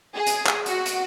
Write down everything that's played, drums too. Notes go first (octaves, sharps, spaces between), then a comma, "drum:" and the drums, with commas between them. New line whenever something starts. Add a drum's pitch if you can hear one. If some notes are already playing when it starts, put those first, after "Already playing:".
G#4
drum: hi-hat
drum: clap
F#4, drum: hi-hat
drum: hi-hat